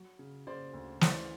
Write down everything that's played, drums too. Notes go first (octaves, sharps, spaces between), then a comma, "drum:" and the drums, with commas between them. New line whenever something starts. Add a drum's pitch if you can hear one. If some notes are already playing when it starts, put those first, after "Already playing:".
Already playing: F#3
C#3
C#3 C5 D5
D2
E3 C5 D5, drum: snare